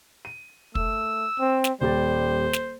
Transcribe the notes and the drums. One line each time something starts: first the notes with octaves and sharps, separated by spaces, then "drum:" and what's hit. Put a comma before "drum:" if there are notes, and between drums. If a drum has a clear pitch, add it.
D#7
A3 E6, drum: kick
C4
drum: snare
D#1 G3 G4 C5 A6
drum: snare